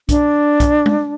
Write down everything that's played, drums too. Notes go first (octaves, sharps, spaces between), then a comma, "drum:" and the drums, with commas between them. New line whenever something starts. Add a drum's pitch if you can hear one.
D4, drum: kick B1, hi-hat
drum: kick B1, hi-hat
drum: tom G#3